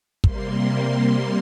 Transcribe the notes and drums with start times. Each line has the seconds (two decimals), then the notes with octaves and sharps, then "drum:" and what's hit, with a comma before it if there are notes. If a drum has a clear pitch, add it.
0.24 C3 G3 A#3 C6, drum: kick